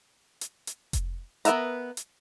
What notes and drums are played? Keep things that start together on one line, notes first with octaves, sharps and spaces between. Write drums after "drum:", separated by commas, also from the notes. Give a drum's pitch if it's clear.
drum: hi-hat
drum: hi-hat
drum: kick F1, hi-hat
B3 A#4 E5 F5 A#5, drum: hi-hat
drum: hi-hat